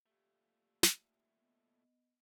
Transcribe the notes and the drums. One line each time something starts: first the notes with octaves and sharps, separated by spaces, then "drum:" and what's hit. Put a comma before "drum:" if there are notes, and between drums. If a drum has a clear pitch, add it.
A#2 A3 G4
drum: snare
B3 D#5